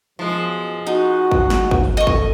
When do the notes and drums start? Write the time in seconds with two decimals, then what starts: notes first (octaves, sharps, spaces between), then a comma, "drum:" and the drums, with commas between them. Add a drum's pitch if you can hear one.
0.19 F#2 B2 F3 G#3
0.87 D#4 F#4 F#5
1.31 drum: kick
1.50 drum: snare
1.71 drum: kick
1.97 A4 D#5 C#6
2.07 drum: kick